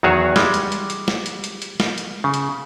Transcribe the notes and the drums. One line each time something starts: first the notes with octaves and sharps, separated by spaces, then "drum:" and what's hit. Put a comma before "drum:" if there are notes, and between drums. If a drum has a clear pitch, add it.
E2 D#3 F#3 F#4 G#4 C#5
G3 G#3, drum: snare
drum: hi-hat
drum: hi-hat
drum: hi-hat
drum: snare
drum: hi-hat
drum: hi-hat
drum: hi-hat
drum: snare
drum: hi-hat
C#3
drum: hi-hat